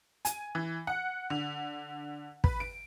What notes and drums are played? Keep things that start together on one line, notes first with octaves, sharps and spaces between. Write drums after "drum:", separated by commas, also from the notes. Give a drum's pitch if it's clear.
G#5, drum: hi-hat
E3
F#5
D3
B4, drum: kick
D7